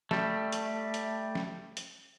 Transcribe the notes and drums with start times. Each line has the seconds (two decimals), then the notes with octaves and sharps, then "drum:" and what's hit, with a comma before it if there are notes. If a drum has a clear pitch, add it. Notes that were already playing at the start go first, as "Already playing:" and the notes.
0.11 G3 A3, drum: snare
0.52 drum: hi-hat
0.94 drum: hi-hat
1.35 drum: snare
1.77 drum: hi-hat